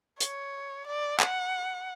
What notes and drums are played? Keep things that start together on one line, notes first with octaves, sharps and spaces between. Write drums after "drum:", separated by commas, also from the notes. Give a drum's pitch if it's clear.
C#5, drum: hi-hat
D5
F#5, drum: clap